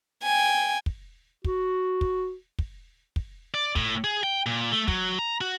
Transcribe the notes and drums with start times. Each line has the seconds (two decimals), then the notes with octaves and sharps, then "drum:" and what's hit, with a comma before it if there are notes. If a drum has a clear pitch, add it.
0.23 G5 G#5
0.86 drum: kick
1.44 F#4, drum: kick
2.01 drum: kick
2.59 drum: kick
3.16 drum: kick
3.54 D5
3.76 A2, drum: kick
4.04 G#4
4.23 G5
4.46 A#2
4.72 A3
4.88 F#3, drum: kick
5.19 A#5
5.41 F#4